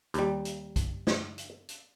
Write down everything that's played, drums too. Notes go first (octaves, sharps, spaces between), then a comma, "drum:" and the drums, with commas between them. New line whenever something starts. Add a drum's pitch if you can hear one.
D#2 G3, drum: hi-hat
drum: hi-hat
drum: kick, hi-hat
drum: snare
drum: hi-hat
drum: hi-hat